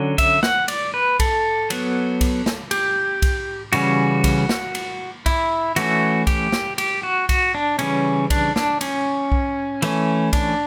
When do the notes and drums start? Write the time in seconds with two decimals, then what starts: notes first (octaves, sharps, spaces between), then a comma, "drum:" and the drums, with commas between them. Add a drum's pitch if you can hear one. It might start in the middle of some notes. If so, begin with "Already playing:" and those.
Already playing: D3 F#3 C#4
0.18 E5, drum: kick B1, cymbal
0.43 F#5, drum: snare
0.68 D5, drum: cymbal
0.94 B4
1.20 A4, drum: kick B1, cymbal
1.70 F#3 B3, drum: cymbal
2.21 drum: kick B1, cymbal
2.46 drum: snare
2.71 G4, drum: cymbal
3.22 drum: kick B1, cymbal
3.73 C#3 E3 G3 C#4 F#4, drum: cymbal
4.24 drum: kick B1, cymbal
4.49 drum: snare
4.75 drum: cymbal
5.26 E4, drum: kick B1, cymbal
5.76 E3 A3 C#4 F#4, drum: cymbal
6.27 G4, drum: kick B1, cymbal
6.52 drum: snare
6.78 G4, drum: cymbal
7.03 F#4
7.29 F#4, drum: kick B1, cymbal
7.55 D4
7.79 C#3 E3 G3 C#4, drum: cymbal
8.30 D4, drum: kick B1, cymbal
8.56 D4, drum: snare
8.81 C#4, drum: cymbal
9.32 drum: kick B1
9.82 E3 A3 C#4, drum: cymbal
10.33 D4, drum: kick B1, cymbal